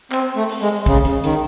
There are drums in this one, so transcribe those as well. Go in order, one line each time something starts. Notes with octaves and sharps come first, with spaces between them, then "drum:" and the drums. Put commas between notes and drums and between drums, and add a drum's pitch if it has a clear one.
C4, drum: clap
A3
drum: open hi-hat
G#3
C#3, drum: kick, hi-hat
drum: hi-hat
D#3, drum: hi-hat